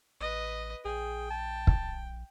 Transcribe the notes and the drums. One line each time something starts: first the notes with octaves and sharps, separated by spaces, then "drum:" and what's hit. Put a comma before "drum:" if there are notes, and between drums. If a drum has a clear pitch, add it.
A1 B4 D#5
A#1 G#4 G5
A5
drum: kick